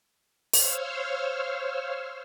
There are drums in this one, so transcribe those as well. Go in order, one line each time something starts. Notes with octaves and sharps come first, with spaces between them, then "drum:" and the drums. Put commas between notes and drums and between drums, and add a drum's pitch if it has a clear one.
C5 C#5 F5 E6 F6, drum: open hi-hat